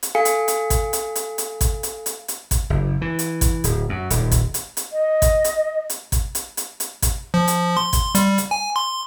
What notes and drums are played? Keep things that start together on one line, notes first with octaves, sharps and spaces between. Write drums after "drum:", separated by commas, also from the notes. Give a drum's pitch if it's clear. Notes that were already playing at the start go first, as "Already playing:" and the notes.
drum: hi-hat
A4 F5 G#5 C#7
drum: hi-hat
drum: hi-hat
drum: kick, hi-hat
drum: hi-hat
drum: hi-hat
drum: hi-hat
drum: kick, hi-hat
drum: hi-hat
drum: hi-hat
drum: hi-hat
drum: kick, hi-hat
F#1
E3
drum: hi-hat
drum: kick, hi-hat
D1, drum: hi-hat
F#2
D#1, drum: hi-hat
drum: kick, hi-hat
drum: hi-hat
drum: hi-hat
D#5
drum: kick, hi-hat
drum: hi-hat
drum: hi-hat
drum: kick, hi-hat
drum: hi-hat
drum: hi-hat
drum: hi-hat
drum: kick, hi-hat
F3
drum: hi-hat
C6
drum: kick, hi-hat
G3, drum: hi-hat
drum: hi-hat
G#5
C6